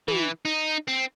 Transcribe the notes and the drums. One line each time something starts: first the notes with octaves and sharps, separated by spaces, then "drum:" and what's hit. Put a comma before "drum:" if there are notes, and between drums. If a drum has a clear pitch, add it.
E3, drum: tom
D#4
C4